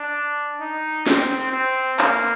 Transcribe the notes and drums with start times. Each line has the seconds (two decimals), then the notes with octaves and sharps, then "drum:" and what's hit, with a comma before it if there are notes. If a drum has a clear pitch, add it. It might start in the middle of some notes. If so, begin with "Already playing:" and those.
Already playing: D4
0.61 D#4
1.06 C4, drum: snare
1.52 C4
1.99 A#3, drum: clap